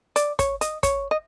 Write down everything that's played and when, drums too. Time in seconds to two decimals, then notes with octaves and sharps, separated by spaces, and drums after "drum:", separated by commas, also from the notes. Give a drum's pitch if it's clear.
0.16 D5, drum: hi-hat
0.39 C#5, drum: kick, hi-hat
0.61 D#5, drum: hi-hat
0.83 C#5, drum: kick, hi-hat
1.11 D#5